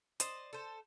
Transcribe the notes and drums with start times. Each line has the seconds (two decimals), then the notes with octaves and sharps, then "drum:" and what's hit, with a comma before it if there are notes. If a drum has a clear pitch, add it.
0.20 C5 D5 D#5, drum: hi-hat
0.53 A4 C5